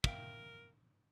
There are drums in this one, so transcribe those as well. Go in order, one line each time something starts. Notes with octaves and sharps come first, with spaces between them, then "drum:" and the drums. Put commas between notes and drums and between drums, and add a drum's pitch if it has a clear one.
A#4 E5 F5 G5, drum: kick